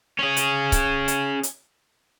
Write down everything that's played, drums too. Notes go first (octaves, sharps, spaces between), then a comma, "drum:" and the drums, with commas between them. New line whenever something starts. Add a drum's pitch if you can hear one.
C#4 G#4
drum: hi-hat
drum: kick C#1, hi-hat
drum: hi-hat
drum: hi-hat